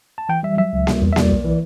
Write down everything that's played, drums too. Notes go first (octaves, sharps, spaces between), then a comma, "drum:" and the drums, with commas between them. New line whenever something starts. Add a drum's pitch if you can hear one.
A5
E3 G5
G3 E5
F#3 E5
C#2
G3, drum: snare A#3
E2
E5
G3 D5, drum: snare A#3
B1
E3